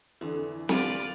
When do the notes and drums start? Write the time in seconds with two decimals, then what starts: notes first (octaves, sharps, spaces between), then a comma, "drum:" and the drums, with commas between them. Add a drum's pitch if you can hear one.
0.21 F2 D3 E3
0.69 F3 B3 F4 G4 D5, drum: snare